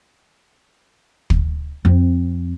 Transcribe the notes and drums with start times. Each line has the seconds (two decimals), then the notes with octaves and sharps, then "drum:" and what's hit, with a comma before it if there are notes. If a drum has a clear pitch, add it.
1.30 drum: kick
1.85 F2 C4